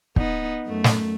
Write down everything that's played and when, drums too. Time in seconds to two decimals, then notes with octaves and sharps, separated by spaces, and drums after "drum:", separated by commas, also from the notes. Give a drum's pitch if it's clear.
0.16 B3 D#4, drum: kick
0.66 F#2 A3
0.84 drum: snare